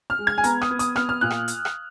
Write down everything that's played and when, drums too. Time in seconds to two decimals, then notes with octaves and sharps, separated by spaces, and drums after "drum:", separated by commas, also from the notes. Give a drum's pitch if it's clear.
0.10 F6
0.19 G#3
0.27 G#6
0.38 G#5
0.44 B3 A#5, drum: hi-hat
0.61 D#6, drum: rim click
0.70 B3
0.79 D#6, drum: hi-hat
0.96 B3 F6, drum: rim click
1.09 F6
1.21 A#2 F#6
1.30 drum: rim click
1.48 drum: hi-hat
1.65 drum: rim click